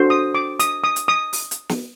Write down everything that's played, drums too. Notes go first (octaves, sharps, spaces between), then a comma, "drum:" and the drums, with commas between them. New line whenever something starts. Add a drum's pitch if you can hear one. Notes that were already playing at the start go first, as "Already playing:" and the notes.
Already playing: D4 F#4 A4 C5
D#6
D6
D#6, drum: hi-hat
D#6
drum: hi-hat
D#6
drum: open hi-hat
drum: hi-hat
drum: snare